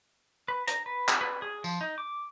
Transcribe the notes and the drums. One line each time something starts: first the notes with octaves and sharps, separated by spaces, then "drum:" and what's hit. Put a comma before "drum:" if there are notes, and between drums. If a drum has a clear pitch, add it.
B4
A#5, drum: hi-hat
B4
drum: clap
B4
G#4
F3, drum: tambourine
D#4
D6